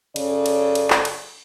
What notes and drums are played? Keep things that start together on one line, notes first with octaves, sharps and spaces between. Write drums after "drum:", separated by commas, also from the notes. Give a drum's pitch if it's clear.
F#2 C#3 C#4 A4 C#5 D5, drum: cymbal
drum: cymbal
drum: cymbal
drum: clap
drum: cymbal